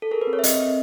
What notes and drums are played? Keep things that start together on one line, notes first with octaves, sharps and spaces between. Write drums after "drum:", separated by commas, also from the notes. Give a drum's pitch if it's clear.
A4
G#4 A#4
B4
C4
C#5
E5
C4 D#5, drum: hi-hat
C4